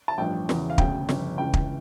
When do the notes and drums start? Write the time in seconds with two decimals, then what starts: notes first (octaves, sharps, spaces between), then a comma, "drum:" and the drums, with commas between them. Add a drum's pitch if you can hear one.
0.08 A5
0.18 A1 G2 F3 G5
0.49 E1 E2 C#3 E3, drum: snare
0.70 F5
0.78 E1 D2 C#3 G5, drum: kick
1.09 G1 F2 C#3, drum: snare
1.38 C#2 C#3 E3 G5
1.53 drum: kick